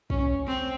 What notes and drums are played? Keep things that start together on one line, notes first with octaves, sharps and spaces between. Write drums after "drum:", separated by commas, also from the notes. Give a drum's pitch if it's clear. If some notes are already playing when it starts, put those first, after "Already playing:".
C#4, drum: kick
C4